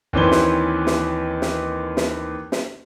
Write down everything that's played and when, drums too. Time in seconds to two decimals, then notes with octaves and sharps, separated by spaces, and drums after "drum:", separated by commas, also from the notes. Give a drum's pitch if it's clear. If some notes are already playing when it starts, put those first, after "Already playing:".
0.13 D#2 E3 C4 C#4 B4 G7
0.32 drum: snare
0.87 drum: snare
1.42 drum: snare
1.97 drum: snare
2.52 drum: snare